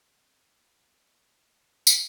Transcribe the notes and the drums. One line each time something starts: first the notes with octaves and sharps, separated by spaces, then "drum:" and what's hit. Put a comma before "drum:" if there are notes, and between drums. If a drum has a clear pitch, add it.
C4 E4 G#4 B4
A#3 C4 E4 G#4
C4 E4 G#4
D4 F4 A4
B3 D4 F4 A4
D#4 F#4 A4 D5, drum: tambourine